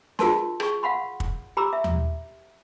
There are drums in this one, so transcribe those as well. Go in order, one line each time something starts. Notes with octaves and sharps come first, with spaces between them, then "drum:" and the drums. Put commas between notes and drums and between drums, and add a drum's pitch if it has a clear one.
F4 F#4 G#4 A#4 A5 C6, drum: snare
G#4 C#6, drum: rim click
F5 F#5 B5 C6
drum: kick
G4 A#5 B5 D6 E6
E5
drum: tom D#2